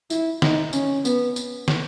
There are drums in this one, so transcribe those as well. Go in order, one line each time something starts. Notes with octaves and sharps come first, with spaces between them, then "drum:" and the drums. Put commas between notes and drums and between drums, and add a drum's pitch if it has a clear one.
E4, drum: tambourine
D#4, drum: snare
C#4, drum: tambourine
B3, drum: tambourine
drum: tambourine
drum: snare